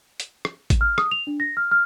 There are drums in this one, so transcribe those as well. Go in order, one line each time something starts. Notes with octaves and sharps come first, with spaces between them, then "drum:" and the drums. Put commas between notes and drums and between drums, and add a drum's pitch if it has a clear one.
drum: hi-hat
drum: rim click
drum: kick A1, hi-hat
F6
D#6, drum: rim click
F7
D4
A#6
F6
F6